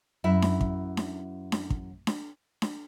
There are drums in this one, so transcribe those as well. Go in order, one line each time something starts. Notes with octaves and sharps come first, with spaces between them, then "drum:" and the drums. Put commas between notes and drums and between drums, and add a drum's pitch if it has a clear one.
F#2 E4 E5
drum: snare D4
drum: kick
drum: snare D4
drum: snare D4
drum: kick
drum: snare D4
drum: snare D4